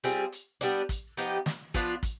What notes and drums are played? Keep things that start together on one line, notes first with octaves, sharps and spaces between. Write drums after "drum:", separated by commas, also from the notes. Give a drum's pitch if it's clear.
G3 C4 F4 G#4, drum: hi-hat
drum: hi-hat
G3 B3 D4, drum: hi-hat
drum: kick, hi-hat
F3 B3 D#4 G4, drum: hi-hat
drum: snare
F3 B3 D4 F4, drum: kick, hi-hat
drum: kick, hi-hat